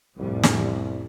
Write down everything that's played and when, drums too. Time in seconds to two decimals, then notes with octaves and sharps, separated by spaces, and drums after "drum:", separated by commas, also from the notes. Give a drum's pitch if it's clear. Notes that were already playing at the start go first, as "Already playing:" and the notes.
0.18 C2 F2 A2 G3
0.43 drum: snare